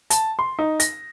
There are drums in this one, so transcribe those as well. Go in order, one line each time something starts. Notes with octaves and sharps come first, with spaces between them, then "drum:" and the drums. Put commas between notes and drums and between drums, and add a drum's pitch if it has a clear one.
A5, drum: hi-hat
C6
D#4
A#6, drum: hi-hat